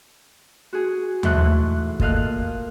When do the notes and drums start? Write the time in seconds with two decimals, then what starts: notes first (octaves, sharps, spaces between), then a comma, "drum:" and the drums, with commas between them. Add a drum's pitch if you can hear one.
0.73 F#4 G#4
1.23 G#2 E3 A3 C5 C#6 F#6, drum: tom D#2
2.00 A#2 A4 D#5 F5 F6 F#6, drum: kick